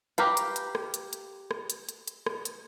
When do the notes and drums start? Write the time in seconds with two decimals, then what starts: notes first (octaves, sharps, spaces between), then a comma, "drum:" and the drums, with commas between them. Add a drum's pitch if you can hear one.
0.18 G4 A#4 B4 F5, drum: hi-hat
0.37 drum: hi-hat
0.56 drum: hi-hat
0.75 drum: rim click
0.94 drum: hi-hat
1.13 drum: hi-hat
1.51 drum: rim click
1.70 drum: hi-hat
1.89 drum: hi-hat
2.08 drum: hi-hat
2.26 drum: rim click
2.45 drum: hi-hat